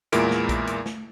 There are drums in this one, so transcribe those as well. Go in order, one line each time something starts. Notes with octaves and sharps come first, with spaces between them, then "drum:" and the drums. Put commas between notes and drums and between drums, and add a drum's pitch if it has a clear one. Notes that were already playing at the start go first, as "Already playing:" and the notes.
E2 A#2 G#3 E4 A#4 D7, drum: hi-hat
drum: snare
drum: kick A#1, hi-hat
drum: hi-hat
drum: snare